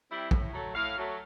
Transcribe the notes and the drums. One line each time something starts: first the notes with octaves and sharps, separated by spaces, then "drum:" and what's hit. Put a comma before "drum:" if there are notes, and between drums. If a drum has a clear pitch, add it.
G3 C4 E4
A2, drum: kick A#1
F#3 A3
A2 F5
F#3 A3